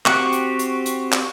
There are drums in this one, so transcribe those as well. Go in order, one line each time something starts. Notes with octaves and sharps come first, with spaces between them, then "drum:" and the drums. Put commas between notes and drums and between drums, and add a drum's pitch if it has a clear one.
C4 F#4 G4 C#6 F#6, drum: clap
drum: hi-hat
drum: hi-hat
drum: hi-hat
drum: clap